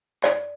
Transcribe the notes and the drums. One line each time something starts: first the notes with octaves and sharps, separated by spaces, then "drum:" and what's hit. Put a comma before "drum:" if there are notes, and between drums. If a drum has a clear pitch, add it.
D5, drum: clap